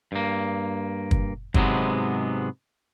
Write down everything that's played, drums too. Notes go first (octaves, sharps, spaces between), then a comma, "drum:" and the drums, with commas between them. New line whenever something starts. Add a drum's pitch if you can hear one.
G2 A#3
drum: kick
G#2 C3 F#3 G#3 B3, drum: kick